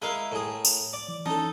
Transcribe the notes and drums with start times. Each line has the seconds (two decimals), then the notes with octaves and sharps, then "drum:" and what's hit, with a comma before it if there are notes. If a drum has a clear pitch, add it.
0.02 G#3 E4 A#4 E5 F5
0.32 A2 G#4
0.65 drum: tambourine
0.93 D5
1.08 E3
1.26 E3 C#4 D#4 A4 A5